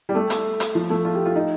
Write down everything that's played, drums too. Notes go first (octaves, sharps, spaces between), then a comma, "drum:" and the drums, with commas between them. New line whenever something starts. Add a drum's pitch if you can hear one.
G3
A3
drum: hi-hat
drum: hi-hat
F3
A3
F4
G4
F4
D#4